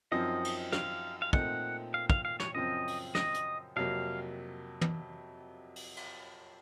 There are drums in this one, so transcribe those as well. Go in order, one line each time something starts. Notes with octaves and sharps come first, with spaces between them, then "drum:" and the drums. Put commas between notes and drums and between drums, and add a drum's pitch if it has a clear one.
F#2 F3 C4 D#4 D#5
drum: cymbal
F5, drum: snare
F5
A#2 A3 C4 D#4 F#5, drum: kick
F5
F5, drum: kick
F5
C#5, drum: snare
F#2 C#3 F3 C4 D#5
drum: open hi-hat
D#5, drum: snare
drum: hi-hat
F2 C3 F#3 A#3 F5
drum: tom
drum: open hi-hat
drum: cymbal